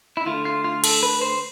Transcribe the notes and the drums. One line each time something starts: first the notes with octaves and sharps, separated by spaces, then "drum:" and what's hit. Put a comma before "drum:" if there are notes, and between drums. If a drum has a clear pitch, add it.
E4
D2 D3 A3 F4
F4
F4
A4, drum: cymbal
B4
C5